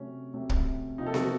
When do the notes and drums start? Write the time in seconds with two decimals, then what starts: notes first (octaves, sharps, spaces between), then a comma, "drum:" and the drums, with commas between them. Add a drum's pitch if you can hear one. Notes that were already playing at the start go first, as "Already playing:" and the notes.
Already playing: C3 F#3 A3 C#4
0.34 C3 F#3 A3
0.49 drum: kick
0.98 C3 F3 A#3 D#4
1.07 A4
1.14 F#4, drum: snare B3